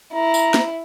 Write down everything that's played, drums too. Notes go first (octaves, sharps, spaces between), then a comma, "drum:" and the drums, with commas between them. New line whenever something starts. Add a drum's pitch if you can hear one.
E4 A#5
drum: tambourine
drum: snare